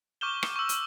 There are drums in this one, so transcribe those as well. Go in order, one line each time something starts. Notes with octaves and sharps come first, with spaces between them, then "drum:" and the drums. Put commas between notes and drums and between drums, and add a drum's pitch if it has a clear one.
C#6 D6 F6 G6 E7 G7
drum: rim click
C#6 E6
drum: hi-hat